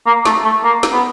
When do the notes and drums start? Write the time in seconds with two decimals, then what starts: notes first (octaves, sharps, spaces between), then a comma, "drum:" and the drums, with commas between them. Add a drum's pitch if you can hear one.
0.07 A#3
0.25 A3, drum: snare
0.45 A3
0.64 A#3
0.83 drum: snare
0.92 B3